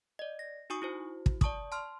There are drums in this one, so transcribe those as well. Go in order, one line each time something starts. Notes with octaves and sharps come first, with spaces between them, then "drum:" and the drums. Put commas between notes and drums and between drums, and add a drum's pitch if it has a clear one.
D5 D#5
A#6
D#4 F#4 G#5 C#6 D#6
E4 F#4 C5
drum: kick
D5 A5 C#6 D#6, drum: kick
A5 C6 F6